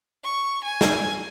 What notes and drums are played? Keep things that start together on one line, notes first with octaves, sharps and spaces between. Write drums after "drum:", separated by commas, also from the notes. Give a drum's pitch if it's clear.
C#6
G#5
drum: snare